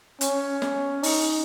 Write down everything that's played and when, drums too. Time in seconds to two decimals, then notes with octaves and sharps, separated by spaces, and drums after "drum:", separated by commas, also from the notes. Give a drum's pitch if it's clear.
0.21 C#4, drum: hi-hat
0.62 drum: snare
1.03 D#4, drum: open hi-hat